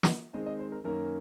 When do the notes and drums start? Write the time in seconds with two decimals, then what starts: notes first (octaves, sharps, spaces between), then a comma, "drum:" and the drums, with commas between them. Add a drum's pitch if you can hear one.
0.03 drum: snare
0.33 D#3 G#3 C4 D#4 D#5
0.46 D#5
0.59 C5
0.72 A#4
0.84 F#2 D#3 A#3 C#4 A#4